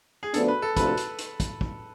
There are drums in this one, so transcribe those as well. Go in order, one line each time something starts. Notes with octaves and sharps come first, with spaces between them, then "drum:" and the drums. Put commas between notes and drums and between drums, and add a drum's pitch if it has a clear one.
G#4
D2 D3 F3 B3 D4 A4, drum: hi-hat
B4
A4
D2 C3 F3 B4, drum: kick, hi-hat
A4
drum: hi-hat
drum: hi-hat
drum: kick, hi-hat
drum: kick